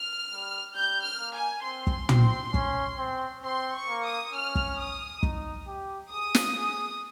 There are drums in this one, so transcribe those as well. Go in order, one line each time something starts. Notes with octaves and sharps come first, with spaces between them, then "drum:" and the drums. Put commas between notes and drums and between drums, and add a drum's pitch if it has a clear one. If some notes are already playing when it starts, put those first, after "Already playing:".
Already playing: F6
G3
G3 G6
F6
A#3
G#5
C4 C6
drum: kick
C4, drum: tom
C#4, drum: kick
C4
C4 C6
C#6
A#3
D#6
C#4 F6
drum: kick
D#6
D#4, drum: kick
G4
G#4 D#6
drum: snare
G#4